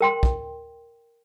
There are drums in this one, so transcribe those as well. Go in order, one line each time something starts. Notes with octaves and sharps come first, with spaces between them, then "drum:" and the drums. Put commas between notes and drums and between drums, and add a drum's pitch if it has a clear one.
A#4 G5 C6
drum: kick